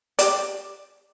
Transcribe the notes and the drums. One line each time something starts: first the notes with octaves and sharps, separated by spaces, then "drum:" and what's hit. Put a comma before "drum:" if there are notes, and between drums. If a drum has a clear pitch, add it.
G4 D5, drum: hi-hat